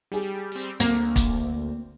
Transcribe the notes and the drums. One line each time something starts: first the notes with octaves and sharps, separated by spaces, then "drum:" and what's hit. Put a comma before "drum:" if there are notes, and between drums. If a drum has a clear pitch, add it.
G3 G4 G#4
G3 C4
D2 A#3 C4, drum: hi-hat
drum: kick, hi-hat